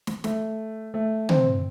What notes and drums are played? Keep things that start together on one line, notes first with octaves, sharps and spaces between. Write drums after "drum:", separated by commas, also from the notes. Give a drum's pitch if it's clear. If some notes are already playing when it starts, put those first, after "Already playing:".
drum: snare
A3, drum: snare
A3
C4, drum: tom